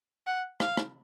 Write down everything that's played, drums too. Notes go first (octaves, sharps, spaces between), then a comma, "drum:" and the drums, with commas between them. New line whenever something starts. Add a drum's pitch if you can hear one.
F#5
F5, drum: rim click
drum: rim click